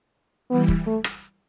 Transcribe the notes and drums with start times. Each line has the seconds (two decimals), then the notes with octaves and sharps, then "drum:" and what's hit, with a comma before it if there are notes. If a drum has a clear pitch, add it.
0.50 E3 G3 B3
0.68 drum: kick
0.86 A3
1.04 drum: rim click